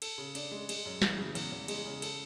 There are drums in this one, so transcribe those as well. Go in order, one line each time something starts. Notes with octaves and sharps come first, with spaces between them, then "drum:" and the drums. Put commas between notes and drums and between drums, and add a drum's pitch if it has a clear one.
A4, drum: cymbal
C#3
D4, drum: cymbal
G#3
G#3, drum: cymbal
F#2
E3, drum: snare
C#3
E2, drum: cymbal
E2
G#3, drum: cymbal
C#3
A4, drum: cymbal